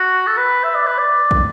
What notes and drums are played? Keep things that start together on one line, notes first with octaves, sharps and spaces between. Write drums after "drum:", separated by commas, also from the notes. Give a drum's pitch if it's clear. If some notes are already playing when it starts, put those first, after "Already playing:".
Already playing: F#4
A4
B4
E5
D5
B4
D5
drum: kick